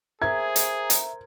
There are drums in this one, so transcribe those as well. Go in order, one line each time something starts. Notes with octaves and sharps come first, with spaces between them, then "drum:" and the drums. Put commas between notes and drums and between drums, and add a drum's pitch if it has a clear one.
G#4 A#4 C5 E5 C6 G#6
drum: hi-hat
drum: hi-hat